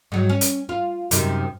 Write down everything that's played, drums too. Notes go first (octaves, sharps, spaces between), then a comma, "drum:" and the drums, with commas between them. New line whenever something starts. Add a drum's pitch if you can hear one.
G#2 F#3
C#4
drum: hi-hat
F4
F#2 C3 D#3, drum: hi-hat